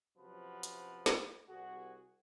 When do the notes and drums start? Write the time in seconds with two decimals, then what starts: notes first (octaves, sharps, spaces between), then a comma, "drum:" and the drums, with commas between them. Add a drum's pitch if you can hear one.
0.18 F#2 C3 F3 F#3 F#4 B4
0.63 drum: hi-hat
1.06 drum: snare
1.49 C2 F#4 G#4